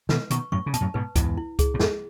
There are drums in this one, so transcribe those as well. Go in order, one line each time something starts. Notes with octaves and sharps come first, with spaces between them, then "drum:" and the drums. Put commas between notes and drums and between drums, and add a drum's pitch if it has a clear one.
B2 D#3 B4, drum: snare
B2 D#3 C#6, drum: hi-hat
F#2 A2 C#6
C#3
B2 A5, drum: hi-hat
F#2 A2
G#2 B2 B4
E2 G#2 E4, drum: kick C#2, hi-hat
E4
G#4, drum: kick C#2, hi-hat
A2
E2 G#2 G#4, drum: snare